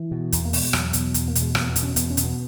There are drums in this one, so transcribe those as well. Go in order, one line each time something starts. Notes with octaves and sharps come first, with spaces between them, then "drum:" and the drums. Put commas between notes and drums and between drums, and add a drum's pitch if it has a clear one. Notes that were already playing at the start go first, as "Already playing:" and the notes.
Already playing: E3
B2
E2, drum: hi-hat
A#3
B2, drum: open hi-hat
G#3
E2 F#3, drum: rim click
B2, drum: hi-hat
E2, drum: hi-hat
A#3
B2, drum: hi-hat
G#3
E2 A#3, drum: rim click
B3
B2, drum: hi-hat
C#4
E2 B3, drum: hi-hat
C#4
B2, drum: hi-hat
B3